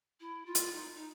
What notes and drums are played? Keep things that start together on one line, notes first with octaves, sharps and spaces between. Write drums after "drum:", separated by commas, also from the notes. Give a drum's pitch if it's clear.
E4
F4
drum: hi-hat
D#4
D#4